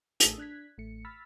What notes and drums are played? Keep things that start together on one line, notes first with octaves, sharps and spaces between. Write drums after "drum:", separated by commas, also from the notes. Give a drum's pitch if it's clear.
A1 A3 G#4 A5 D#6 E6, drum: hi-hat
D4 F#6 G#6 B6
A1 A3 C#7
B5 E6 F6 A6 B6